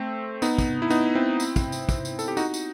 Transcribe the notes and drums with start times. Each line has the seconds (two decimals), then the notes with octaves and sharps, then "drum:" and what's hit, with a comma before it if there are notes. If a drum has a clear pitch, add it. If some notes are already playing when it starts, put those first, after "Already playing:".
Already playing: A3 C4
0.42 B3 D#4, drum: tambourine
0.58 drum: kick, tambourine
0.82 E4
0.90 B3 D#4, drum: tambourine
1.15 C4 E4
1.40 drum: tambourine
1.56 drum: kick, tambourine
1.72 drum: tambourine
1.89 drum: kick, tambourine
2.05 drum: tambourine
2.19 A4, drum: tambourine
2.28 G4
2.37 D#4 F#4, drum: tambourine
2.54 drum: tambourine